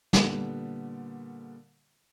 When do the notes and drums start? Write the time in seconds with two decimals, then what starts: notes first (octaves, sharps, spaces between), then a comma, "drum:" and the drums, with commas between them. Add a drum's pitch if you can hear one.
0.13 A#2 D3 G3 B3, drum: snare